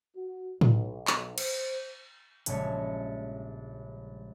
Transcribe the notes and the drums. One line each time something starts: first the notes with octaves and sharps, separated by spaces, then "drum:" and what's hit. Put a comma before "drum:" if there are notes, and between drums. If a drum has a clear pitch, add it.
F#4
B1, drum: tom A2
B1, drum: clap
C5, drum: cymbal
A#1 G2 C#3 G#3 C#5 E5, drum: hi-hat